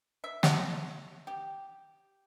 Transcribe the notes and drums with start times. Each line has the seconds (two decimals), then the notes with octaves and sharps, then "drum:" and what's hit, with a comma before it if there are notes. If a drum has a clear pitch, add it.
0.24 E5
0.43 drum: snare
1.27 G4